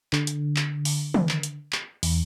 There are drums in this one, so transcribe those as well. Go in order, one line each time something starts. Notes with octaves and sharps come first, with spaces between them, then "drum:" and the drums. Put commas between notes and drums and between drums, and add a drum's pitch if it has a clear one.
D3, drum: clap
drum: hi-hat
drum: clap
drum: open hi-hat
drum: tom
drum: clap
drum: hi-hat
drum: clap
E2, drum: open hi-hat